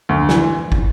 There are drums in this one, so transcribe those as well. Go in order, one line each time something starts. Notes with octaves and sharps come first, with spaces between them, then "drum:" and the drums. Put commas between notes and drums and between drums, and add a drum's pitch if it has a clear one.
D2
E3, drum: snare
drum: kick